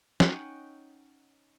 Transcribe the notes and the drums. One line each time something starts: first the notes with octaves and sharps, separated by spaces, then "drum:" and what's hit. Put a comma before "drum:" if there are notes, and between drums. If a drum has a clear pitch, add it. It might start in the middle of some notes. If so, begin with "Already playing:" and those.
C#4 D#4 F#5 G5, drum: snare